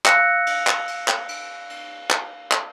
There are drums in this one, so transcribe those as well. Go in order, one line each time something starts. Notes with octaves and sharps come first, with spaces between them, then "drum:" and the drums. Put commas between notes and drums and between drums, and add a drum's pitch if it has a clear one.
F5 E6 F#6 A#6 C#7, drum: clap
drum: cymbal
drum: clap
drum: cymbal
drum: clap
drum: cymbal
drum: cymbal
drum: clap
drum: clap